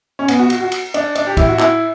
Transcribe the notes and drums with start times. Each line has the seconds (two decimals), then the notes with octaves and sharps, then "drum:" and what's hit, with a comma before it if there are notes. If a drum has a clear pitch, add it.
0.19 C#4
0.28 B3, drum: cymbal
0.39 F#4
0.50 F#4, drum: cymbal
0.61 F#4
0.72 drum: cymbal
0.94 D4, drum: cymbal
1.15 D4, drum: cymbal
1.27 G4
1.37 E4, drum: kick, cymbal
1.48 F#4
1.59 E4, drum: clap